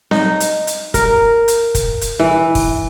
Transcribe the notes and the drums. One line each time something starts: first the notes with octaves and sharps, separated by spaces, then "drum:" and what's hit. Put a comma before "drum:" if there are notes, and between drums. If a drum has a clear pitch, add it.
D#4, drum: snare C4
drum: hi-hat
drum: hi-hat
A#4, drum: kick, hi-hat
drum: hi-hat
drum: kick, hi-hat
drum: hi-hat
E3
drum: kick, open hi-hat